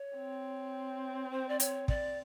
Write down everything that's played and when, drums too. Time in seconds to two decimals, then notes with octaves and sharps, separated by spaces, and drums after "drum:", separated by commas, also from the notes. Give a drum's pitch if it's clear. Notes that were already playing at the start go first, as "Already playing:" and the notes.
Already playing: C#5
0.16 C4
1.31 C5
1.49 D5
1.60 C#5, drum: hi-hat
1.88 D5, drum: kick